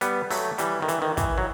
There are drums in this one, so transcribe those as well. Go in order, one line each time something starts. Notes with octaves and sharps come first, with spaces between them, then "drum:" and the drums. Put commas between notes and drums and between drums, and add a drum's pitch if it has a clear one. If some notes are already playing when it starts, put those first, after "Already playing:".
G3 B3, drum: hi-hat
F#3 A3, drum: open hi-hat
E3 G3, drum: hi-hat
D#3
E3, drum: hi-hat
D#3
E3, drum: kick, hi-hat
F#3